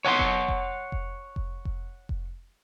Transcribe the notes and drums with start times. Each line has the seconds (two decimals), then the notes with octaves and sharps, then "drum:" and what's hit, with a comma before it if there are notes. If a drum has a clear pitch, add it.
0.05 C#5 F#5 G5 C6
0.19 drum: kick F1
0.48 drum: kick F1
0.92 drum: kick F1
1.36 drum: kick F1
1.65 drum: kick F1
2.09 drum: kick F1